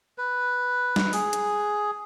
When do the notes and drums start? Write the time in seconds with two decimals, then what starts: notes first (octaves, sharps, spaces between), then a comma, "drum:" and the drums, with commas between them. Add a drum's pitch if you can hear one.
0.18 B4
0.96 drum: snare
1.13 G#4, drum: open hi-hat
1.33 drum: hi-hat